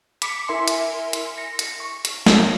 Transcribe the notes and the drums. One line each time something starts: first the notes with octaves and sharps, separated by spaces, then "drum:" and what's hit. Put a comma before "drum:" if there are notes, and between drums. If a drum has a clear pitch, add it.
B5 D6 B6 C#7, drum: hi-hat
E4 A#4 E5 G#5 C6 C#7
drum: hi-hat
drum: hi-hat
A#6 C#7
drum: hi-hat
C#6
drum: hi-hat
F3 G3 A#4, drum: snare